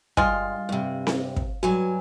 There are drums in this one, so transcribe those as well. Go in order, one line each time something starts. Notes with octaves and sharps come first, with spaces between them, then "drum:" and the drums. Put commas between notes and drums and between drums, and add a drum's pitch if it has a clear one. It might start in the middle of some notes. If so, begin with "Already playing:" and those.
G2 G#3 F4, drum: kick
G2 C3
drum: snare C4
drum: kick
G2 F#3 F#4 G#5